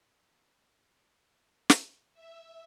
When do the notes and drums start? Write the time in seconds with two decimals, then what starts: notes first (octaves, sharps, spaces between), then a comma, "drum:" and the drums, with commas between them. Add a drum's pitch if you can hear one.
1.70 drum: snare
2.14 E5